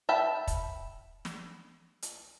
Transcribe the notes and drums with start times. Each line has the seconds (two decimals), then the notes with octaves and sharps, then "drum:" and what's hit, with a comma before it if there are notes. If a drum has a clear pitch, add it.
0.09 E5 G5 A5 B5
0.47 drum: kick, hi-hat
1.25 drum: snare
2.02 drum: hi-hat